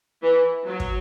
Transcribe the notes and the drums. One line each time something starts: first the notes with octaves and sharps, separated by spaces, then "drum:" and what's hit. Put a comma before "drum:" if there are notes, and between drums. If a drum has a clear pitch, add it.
E3
F#3
drum: kick